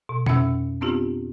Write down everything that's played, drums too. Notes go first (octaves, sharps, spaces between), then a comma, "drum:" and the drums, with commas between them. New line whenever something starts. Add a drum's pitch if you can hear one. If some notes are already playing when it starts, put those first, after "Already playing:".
B2
F2 C#4 E5 E6, drum: tom B2
B3 C4 D4 F4 G4